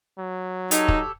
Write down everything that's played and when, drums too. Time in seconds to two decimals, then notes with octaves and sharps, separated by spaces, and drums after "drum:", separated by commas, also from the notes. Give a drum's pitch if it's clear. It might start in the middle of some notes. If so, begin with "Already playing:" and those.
0.19 F#3
0.71 D#4 G4 A4 C#5, drum: hi-hat
0.88 drum: kick